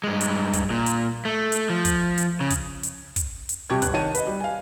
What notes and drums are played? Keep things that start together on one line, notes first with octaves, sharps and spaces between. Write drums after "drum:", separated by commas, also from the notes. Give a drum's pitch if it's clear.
G2 G#3
drum: hi-hat
drum: kick, hi-hat
A#2
drum: hi-hat
A3
drum: hi-hat
F3
drum: kick, hi-hat
drum: hi-hat
C#3
drum: kick, hi-hat
drum: hi-hat
drum: kick, hi-hat
drum: hi-hat
C3 G3 G4 A5 C#6 G#6
G1 F#6, drum: kick, hi-hat
D#3 C#5 A5 D#7
B4 D#5, drum: hi-hat
G3
F5 G#5